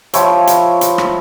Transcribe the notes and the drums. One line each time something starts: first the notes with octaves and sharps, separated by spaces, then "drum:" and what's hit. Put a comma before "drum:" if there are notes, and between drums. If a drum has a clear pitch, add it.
F3 E4 C#5 G5, drum: hi-hat
drum: hi-hat
drum: hi-hat
drum: rim click